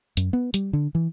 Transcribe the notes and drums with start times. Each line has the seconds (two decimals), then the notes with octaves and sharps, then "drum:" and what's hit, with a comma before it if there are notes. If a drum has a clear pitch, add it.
0.17 F#2, drum: hi-hat
0.33 B3
0.54 G3, drum: hi-hat
0.73 D3
0.95 E3